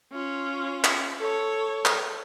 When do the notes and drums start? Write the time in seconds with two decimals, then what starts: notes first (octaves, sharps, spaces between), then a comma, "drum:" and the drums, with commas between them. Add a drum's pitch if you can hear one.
0.13 C#4 F4
0.84 drum: clap
1.18 A4 C#5
1.85 drum: clap